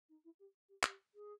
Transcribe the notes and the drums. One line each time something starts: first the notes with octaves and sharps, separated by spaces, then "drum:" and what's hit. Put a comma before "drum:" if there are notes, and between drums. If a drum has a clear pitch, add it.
D#4
E4
G4
G4
G4, drum: clap
G#4